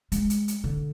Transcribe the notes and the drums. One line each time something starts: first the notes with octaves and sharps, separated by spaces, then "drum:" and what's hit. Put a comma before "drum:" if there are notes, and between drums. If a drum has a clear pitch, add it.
G#3, drum: hi-hat
drum: hi-hat
drum: hi-hat
D3